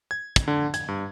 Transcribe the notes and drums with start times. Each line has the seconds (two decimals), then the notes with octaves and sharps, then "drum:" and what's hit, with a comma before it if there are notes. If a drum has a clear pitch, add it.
0.11 G#6
0.36 drum: kick, hi-hat
0.48 D3
0.74 G#6, drum: hi-hat
0.88 G2